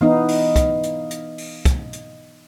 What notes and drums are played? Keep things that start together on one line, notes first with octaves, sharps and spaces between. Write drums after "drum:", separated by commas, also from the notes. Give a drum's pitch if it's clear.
E3 B3 D#4 D#5 F5
drum: open hi-hat
drum: kick, hi-hat
drum: hi-hat
drum: hi-hat
drum: open hi-hat
drum: kick, hi-hat
drum: hi-hat